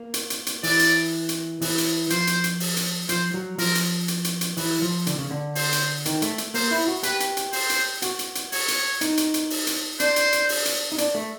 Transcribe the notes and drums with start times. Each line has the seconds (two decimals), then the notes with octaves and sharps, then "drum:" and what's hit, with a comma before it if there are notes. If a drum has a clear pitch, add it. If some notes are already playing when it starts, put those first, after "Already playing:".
Already playing: A#3
0.14 drum: hi-hat
0.30 drum: hi-hat
0.46 drum: hi-hat
0.63 E3 D5, drum: open hi-hat
0.79 drum: hi-hat
1.29 drum: hi-hat
1.62 E3, drum: open hi-hat
1.78 drum: hi-hat
2.10 F3 C5, drum: hi-hat
2.27 drum: hi-hat
2.44 drum: hi-hat
2.60 drum: open hi-hat
2.77 drum: hi-hat
3.09 F3 C5, drum: hi-hat
3.34 F#3
3.58 F3 A#4, drum: open hi-hat
3.75 drum: hi-hat
4.08 drum: hi-hat
4.24 drum: hi-hat
4.41 drum: hi-hat
4.57 E3, drum: open hi-hat
4.82 F3
5.07 D3, drum: hi-hat
5.18 C#3
5.31 D3
5.55 C5, drum: open hi-hat
5.72 drum: hi-hat
6.05 D#3, drum: hi-hat
6.22 A3, drum: hi-hat
6.38 drum: hi-hat
6.54 A#3 C5, drum: open hi-hat
6.71 E4
6.88 F#4
7.03 G4 B4, drum: hi-hat
7.20 drum: hi-hat
7.37 drum: hi-hat
7.53 C5, drum: open hi-hat
7.70 drum: hi-hat
8.02 F#4, drum: hi-hat
8.19 drum: hi-hat
8.35 drum: hi-hat
8.52 C#5, drum: open hi-hat
8.68 drum: hi-hat
9.01 D#4, drum: hi-hat
9.17 drum: hi-hat
9.34 drum: hi-hat
9.50 drum: open hi-hat
9.67 drum: hi-hat
10.00 D4 C5, drum: hi-hat
10.16 drum: hi-hat
10.32 drum: hi-hat
10.49 drum: open hi-hat
10.65 drum: hi-hat
10.92 D#4
10.98 D4, drum: hi-hat
11.15 A3